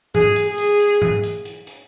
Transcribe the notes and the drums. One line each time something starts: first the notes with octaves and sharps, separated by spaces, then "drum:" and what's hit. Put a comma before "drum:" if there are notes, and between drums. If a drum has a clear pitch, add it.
G#4, drum: tom G#2
drum: hi-hat
G#4
drum: hi-hat
drum: hi-hat
drum: tom G#2
drum: hi-hat
drum: hi-hat
drum: hi-hat